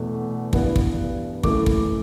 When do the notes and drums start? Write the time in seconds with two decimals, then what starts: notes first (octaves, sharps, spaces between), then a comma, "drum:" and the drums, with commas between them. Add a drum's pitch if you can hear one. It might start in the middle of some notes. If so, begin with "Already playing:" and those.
Already playing: E2 B2 A3
0.53 G2 E3 B3, drum: kick
0.76 drum: kick
1.43 F#2 E3 A3 D6, drum: kick
1.66 drum: kick